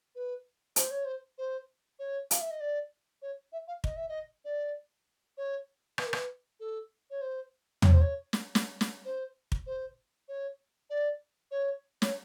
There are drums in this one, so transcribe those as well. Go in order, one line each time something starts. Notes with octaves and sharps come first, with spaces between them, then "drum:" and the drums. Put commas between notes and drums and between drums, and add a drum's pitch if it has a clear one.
B4
C5, drum: hi-hat
C#5
C5
C5
C#5
F5, drum: hi-hat
E5
D#5
D5
C#5
E5
F5
D#5, drum: kick
E5
D#5
D5
C#5
B4, drum: rim click
A#4
B4, drum: rim click
A4
C#5
C5
C#5, drum: tom
C5
C#5
drum: snare
drum: snare
drum: snare
C5
drum: kick
C5
C#5
D5
C#5
C#5, drum: snare